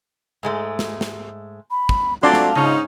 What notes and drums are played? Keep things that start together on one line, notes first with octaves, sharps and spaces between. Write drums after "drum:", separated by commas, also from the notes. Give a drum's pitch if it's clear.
G#2 G#3 A3
drum: snare
drum: snare
B5
drum: kick
F#3 A3 C4 D4 F4 D5 A5 C6
drum: snare
G#2 C#3 C#4 D#4 F4